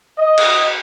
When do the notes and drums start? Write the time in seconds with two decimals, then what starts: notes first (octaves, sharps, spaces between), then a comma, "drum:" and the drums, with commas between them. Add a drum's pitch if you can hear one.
0.17 D#5
0.38 drum: cymbal